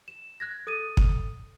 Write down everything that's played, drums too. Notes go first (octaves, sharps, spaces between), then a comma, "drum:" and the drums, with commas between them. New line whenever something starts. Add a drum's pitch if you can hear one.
E7
F#6 G#6 A#6
A4 D#6 A6 D#7
drum: kick